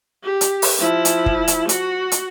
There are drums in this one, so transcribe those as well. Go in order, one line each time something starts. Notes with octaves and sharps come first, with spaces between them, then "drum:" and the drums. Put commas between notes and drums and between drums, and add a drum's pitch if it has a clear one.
G4
drum: hi-hat
drum: open hi-hat
F3 E4
drum: hi-hat
drum: kick
drum: hi-hat
F#4, drum: hi-hat
drum: hi-hat